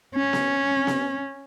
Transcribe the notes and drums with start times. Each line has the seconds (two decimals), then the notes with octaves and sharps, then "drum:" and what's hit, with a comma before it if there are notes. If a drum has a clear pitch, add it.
0.15 C#4
0.33 drum: snare B3
0.87 drum: snare B3